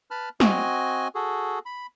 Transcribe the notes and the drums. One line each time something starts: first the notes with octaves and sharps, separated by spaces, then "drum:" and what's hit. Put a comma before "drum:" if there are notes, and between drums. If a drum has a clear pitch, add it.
B4 A5 B5 F6
C4 F#4 D#5 G#5, drum: snare
F#4 G#4 A4
B5